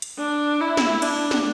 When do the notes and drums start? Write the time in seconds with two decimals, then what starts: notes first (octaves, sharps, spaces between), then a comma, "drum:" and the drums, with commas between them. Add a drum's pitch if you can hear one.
0.02 drum: hi-hat
0.18 D4
0.61 E4
0.77 drum: snare
1.02 D4, drum: cymbal
1.31 drum: snare